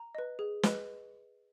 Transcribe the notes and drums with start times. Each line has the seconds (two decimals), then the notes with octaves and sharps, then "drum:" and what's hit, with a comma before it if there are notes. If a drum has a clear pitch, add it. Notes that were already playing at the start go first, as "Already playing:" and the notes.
Already playing: A#5
0.15 B4 D#5
0.39 G#4
0.63 B4 D#5, drum: snare